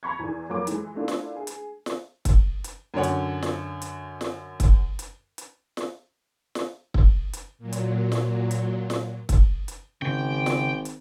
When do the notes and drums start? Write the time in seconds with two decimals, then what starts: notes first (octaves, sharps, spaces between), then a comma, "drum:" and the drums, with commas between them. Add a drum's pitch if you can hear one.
0.03 A#5 B5 C#6 G#6
0.19 E2 E3
0.49 F2 F#3 A#3 D6
0.67 E3 G#3, drum: hi-hat
0.95 A3 A#3 D4 E4 F4
1.08 drum: snare
1.36 G#4
1.47 drum: hi-hat
1.86 drum: snare
2.25 drum: kick, hi-hat
2.64 drum: hi-hat
2.94 F#2 D3 C#5 F#5
3.03 drum: hi-hat
3.42 drum: snare
3.82 drum: hi-hat
4.21 drum: snare
4.60 drum: kick, hi-hat
4.99 drum: hi-hat
5.38 drum: hi-hat
5.77 drum: snare
6.55 drum: snare
6.94 drum: kick
7.33 drum: hi-hat
7.58 A#2 F#3
7.73 drum: hi-hat
8.12 drum: snare
8.51 drum: hi-hat
8.90 drum: snare
9.29 drum: kick, hi-hat
9.68 drum: hi-hat
10.02 G#1 C#3 G5
10.46 drum: snare
10.85 drum: hi-hat